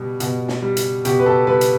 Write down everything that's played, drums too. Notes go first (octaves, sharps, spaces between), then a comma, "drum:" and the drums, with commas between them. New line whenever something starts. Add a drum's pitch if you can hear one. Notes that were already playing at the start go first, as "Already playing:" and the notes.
Already playing: B2 G3
B2, drum: hi-hat
drum: snare
G3
drum: hi-hat
B2 G4, drum: hi-hat
B4
A4
G3 B4
drum: hi-hat